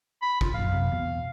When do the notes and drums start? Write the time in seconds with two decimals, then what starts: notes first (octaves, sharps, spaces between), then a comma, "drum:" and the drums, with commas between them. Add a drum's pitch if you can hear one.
0.22 B5
0.41 F4, drum: kick
0.54 A#1 F#2 F5
0.71 F#2 C3
0.91 E2 B2